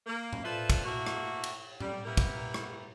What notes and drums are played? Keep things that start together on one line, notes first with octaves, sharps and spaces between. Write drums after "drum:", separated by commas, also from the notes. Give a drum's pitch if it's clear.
A#3
drum: tom A2
F4 A4 B4 C5 D5 E5
drum: kick, cymbal
A3 A#3 E4 F#4
drum: rim click
drum: cymbal
G3, drum: tom A2
G3 A#3 B3 E4 A#4
drum: kick, cymbal
drum: rim click